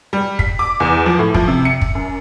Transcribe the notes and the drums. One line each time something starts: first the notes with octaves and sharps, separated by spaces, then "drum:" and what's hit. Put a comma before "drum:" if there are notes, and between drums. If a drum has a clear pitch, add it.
G3
B6, drum: kick
D6
E2
F3
A2
F3, drum: kick
C3
C#7
drum: kick
F#2